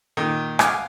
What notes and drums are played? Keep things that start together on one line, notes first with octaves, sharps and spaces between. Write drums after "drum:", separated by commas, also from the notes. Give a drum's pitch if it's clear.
A#2 D#3
F5 F#5 G#5 D6 D#6, drum: rim click